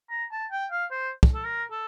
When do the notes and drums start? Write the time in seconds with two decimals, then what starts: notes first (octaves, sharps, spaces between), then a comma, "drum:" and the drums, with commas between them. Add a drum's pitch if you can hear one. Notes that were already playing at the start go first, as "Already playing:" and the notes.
0.10 A#5
0.32 A5
0.52 G5
0.71 F5
0.91 C5
1.23 drum: kick
1.34 A4
1.45 A#4
1.71 A4